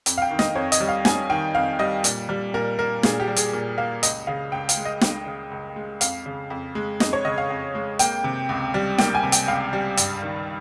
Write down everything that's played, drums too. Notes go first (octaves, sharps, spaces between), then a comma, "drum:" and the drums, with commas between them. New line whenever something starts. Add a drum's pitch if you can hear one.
F2, drum: hi-hat
F5
G5
D#3
D#5, drum: snare
F2 C#5
D#5, drum: hi-hat
G3
F5
F2 G#5, drum: snare
D#3 G5
F2 F5
G3 D#5
A#2, drum: hi-hat
G3
A#2 A#4
A#3 A#4
A#2 G#4, drum: snare
G4
G3
G#4, drum: hi-hat
A#2
A#3 F5
C#2 D#5, drum: hi-hat
C#3 F5
C#2 G5
F5, drum: hi-hat
G#3
D#5
C#2 G5, drum: snare
C#3
C#2
G#3
F2 F5, drum: hi-hat
C#3
F2
G#3
F2 D#5, drum: snare
C#5
C#3 D#5
F5
F2
G#3
A#3 G5, drum: hi-hat
C3
C#2
G3
A#3 G5, drum: snare
G#5
C3
G5, drum: hi-hat
C#2 F5
G3
G2, drum: hi-hat
D#3